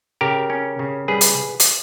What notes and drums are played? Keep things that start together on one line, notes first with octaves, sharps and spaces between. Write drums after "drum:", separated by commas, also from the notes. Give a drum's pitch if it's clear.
C#3 G4 A#4
C#4
C#3
G3 G#4 B4
drum: hi-hat
drum: hi-hat